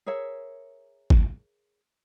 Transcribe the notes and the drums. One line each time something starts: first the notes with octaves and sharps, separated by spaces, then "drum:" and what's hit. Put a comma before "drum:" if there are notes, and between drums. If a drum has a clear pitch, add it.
G#4 A#4 C#5 E5
drum: kick